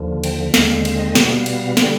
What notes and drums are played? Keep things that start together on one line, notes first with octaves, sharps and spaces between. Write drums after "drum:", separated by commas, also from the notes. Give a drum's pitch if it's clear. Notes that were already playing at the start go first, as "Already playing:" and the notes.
Already playing: D#2 D3 F3
G5, drum: cymbal
D#2 D3 G#3 C4 F5, drum: snare
F5, drum: cymbal
D#5
B2 G3 B3 F5, drum: snare
drum: cymbal
D3 G3 B3 G5, drum: snare